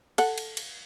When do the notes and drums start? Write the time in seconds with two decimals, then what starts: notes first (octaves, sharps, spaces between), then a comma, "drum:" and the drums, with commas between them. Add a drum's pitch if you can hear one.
0.18 A4 F#5, drum: cymbal
0.38 drum: cymbal
0.57 drum: cymbal